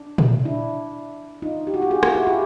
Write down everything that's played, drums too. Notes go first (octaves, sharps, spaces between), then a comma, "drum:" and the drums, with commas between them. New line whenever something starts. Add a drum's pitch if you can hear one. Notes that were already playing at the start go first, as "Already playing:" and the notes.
Already playing: D4
drum: tom A#2
D4 E4
D#4 F4
G4
F#4
F4 G4
F#4 G#4
F4 G4, drum: rim click
E4 F#4
F4 G4